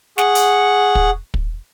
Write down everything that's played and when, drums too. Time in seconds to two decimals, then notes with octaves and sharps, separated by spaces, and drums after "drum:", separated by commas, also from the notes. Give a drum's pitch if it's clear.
0.18 G#4 F#5 C#6, drum: snare
0.35 drum: hi-hat
0.95 drum: kick
1.34 drum: kick